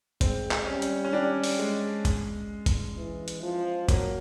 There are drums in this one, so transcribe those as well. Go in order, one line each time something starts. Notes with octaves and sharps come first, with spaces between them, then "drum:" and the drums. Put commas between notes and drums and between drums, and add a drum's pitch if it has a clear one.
G#3 C4, drum: kick, hi-hat
drum: clap
G3 C#4
drum: hi-hat
C#4
G3 D4
drum: open hi-hat
G#3
drum: kick, hi-hat
drum: kick, hi-hat
E3
drum: hi-hat
F3
F#3 A#3, drum: kick, hi-hat